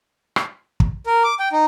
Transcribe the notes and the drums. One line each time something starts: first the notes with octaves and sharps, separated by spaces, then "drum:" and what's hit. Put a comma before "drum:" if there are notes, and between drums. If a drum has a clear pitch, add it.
drum: rim click
drum: kick
A#4
D6
G5
D#4